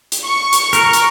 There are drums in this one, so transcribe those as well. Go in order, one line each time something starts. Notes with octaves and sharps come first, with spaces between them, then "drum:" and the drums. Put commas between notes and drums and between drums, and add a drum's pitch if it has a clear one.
drum: hi-hat
C#6
drum: hi-hat
A#4, drum: hi-hat
drum: hi-hat